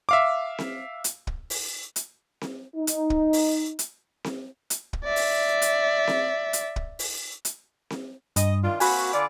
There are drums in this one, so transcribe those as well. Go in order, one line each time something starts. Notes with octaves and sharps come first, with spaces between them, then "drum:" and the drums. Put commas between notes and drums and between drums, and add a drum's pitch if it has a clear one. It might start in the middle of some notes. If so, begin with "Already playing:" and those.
E5 F5 D6
drum: snare C4
drum: hi-hat
drum: kick
drum: open hi-hat
drum: hi-hat
drum: snare C4
D#4
drum: hi-hat
drum: kick
drum: open hi-hat
drum: hi-hat
drum: snare C4
drum: hi-hat
drum: kick
D5 E5
drum: open hi-hat
drum: hi-hat
drum: snare C4
drum: hi-hat
drum: kick
drum: open hi-hat
drum: hi-hat
drum: snare C4
G2 D#5, drum: hi-hat
D#3 D4 F4
A#3 C4 F#4 G#5 B5, drum: open hi-hat
D3 F4 D5